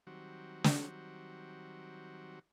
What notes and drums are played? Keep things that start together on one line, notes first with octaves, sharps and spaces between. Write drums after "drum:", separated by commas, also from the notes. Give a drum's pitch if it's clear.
D#3 F#3 G3 C4 F#4
drum: snare